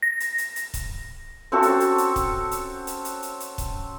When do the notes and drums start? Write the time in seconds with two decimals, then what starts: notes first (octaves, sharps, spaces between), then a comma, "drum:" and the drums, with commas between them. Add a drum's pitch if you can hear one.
0.03 A#6
0.20 drum: hi-hat
0.38 drum: hi-hat
0.56 drum: hi-hat
0.74 drum: kick, hi-hat
1.52 C4 C#4 F#4 A4
1.63 drum: hi-hat
1.80 drum: hi-hat
1.98 drum: hi-hat
2.16 drum: kick, hi-hat
2.51 drum: hi-hat
2.87 drum: hi-hat
3.05 drum: hi-hat
3.23 drum: hi-hat
3.40 drum: hi-hat
3.58 drum: kick, hi-hat